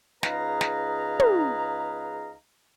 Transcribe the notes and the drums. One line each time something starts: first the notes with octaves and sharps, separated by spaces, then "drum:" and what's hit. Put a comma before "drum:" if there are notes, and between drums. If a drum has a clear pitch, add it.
C#2 D#4 G#4 B4 F5 A#5, drum: snare
drum: snare
drum: tom